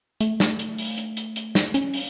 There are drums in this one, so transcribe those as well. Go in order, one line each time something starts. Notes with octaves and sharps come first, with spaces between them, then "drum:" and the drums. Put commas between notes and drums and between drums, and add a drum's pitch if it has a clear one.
A3, drum: hi-hat
drum: snare
drum: hi-hat
drum: open hi-hat
drum: hi-hat
drum: hi-hat
drum: hi-hat
drum: snare
C#4, drum: hi-hat
drum: open hi-hat